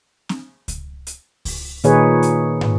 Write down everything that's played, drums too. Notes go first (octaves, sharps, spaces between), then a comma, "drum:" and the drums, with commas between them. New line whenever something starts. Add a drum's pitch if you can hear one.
drum: snare C4
drum: kick C#2, hi-hat
drum: hi-hat
drum: kick C#2, open hi-hat
A#2 D#3 D#4 G#4 B4 C#5, drum: hi-hat
drum: hi-hat
drum: tom